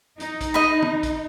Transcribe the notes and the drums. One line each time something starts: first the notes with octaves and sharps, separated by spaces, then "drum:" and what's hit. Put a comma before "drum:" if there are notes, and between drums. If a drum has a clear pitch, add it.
D#4, drum: hi-hat
drum: kick, hi-hat
D#5 B5
drum: tom
drum: kick, hi-hat